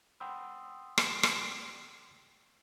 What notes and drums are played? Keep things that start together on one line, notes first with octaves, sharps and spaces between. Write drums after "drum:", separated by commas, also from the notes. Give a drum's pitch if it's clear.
F#5 G5 B5 C6 D#6 E6
drum: rim click
drum: rim click